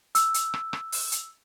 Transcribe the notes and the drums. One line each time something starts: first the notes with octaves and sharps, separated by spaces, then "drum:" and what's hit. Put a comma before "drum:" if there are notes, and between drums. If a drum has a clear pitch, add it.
E6, drum: hi-hat
drum: hi-hat
drum: rim click
drum: rim click
drum: open hi-hat
drum: hi-hat